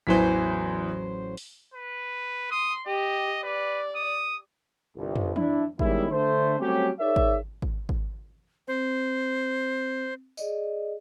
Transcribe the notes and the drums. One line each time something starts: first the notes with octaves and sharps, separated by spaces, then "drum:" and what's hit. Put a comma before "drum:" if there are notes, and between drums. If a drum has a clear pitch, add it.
A1 E2 E3 F#3 C5 B6
drum: open hi-hat
B4
C6 D#6
G4 D#5
B4 D5
D#6
G1 C2
drum: tom
D4 E4, drum: tom D#3
D#3 G3 G#3 B3 C#4 E4, drum: kick G#1
D3 A3 C5
F#3 G3 A3 C4 C#4 G4
D#4 G#4 A#4 C#5 D5 E5
drum: kick G#1
drum: kick G#1
drum: kick G#1
C4 C5
G#4 D5 D#5, drum: tambourine